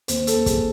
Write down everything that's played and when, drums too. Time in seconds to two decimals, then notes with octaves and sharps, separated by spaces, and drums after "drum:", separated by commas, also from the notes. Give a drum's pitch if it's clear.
0.08 D#2 C5, drum: hi-hat
0.27 A4, drum: hi-hat
0.36 D#2
0.46 G#4, drum: kick, hi-hat